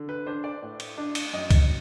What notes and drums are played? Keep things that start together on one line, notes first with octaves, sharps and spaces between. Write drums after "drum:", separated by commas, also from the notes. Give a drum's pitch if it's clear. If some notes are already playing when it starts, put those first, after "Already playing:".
Already playing: D3
B4
D4 C5
D5
A2
drum: cymbal
D4
drum: cymbal
F#2 D#5
drum: kick C#2, cymbal